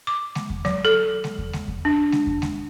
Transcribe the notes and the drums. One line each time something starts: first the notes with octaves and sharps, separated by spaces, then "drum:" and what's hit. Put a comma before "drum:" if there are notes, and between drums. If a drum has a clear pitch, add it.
D6
drum: snare G#3
drum: kick E2
F#3, drum: snare G#3
A4
drum: snare G#3
drum: kick E2
drum: snare G#3
drum: kick E2
D4
drum: snare G#3
drum: kick E2
drum: snare G#3